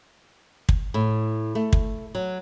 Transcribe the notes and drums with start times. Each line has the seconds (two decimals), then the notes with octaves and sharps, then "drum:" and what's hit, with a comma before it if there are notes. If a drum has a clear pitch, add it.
0.69 drum: kick
0.94 A2
1.55 A3
1.73 drum: kick
2.15 F#3